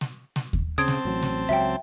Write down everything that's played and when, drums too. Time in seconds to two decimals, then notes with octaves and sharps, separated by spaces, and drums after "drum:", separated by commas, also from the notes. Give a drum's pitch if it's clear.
0.01 drum: snare
0.36 drum: snare
0.53 drum: kick D#2
0.78 C#3 C4 A5 D#6 G#6 D7
0.88 drum: snare
1.05 A1 F#3
1.23 drum: snare
1.49 C#2 F#3 E5 G5